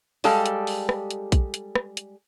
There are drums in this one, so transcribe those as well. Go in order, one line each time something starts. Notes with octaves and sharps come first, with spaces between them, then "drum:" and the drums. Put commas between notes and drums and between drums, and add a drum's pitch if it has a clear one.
G3 G#3 G4 A4 F5, drum: open hi-hat
drum: hi-hat
drum: open hi-hat
drum: rim click
drum: hi-hat
drum: kick A#1, hi-hat
drum: hi-hat
drum: rim click
drum: hi-hat